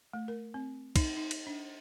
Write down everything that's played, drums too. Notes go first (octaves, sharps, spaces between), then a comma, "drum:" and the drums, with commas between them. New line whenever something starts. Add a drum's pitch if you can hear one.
A3
A#4
C4
D#4, drum: kick, cymbal
D#4
drum: cymbal
D4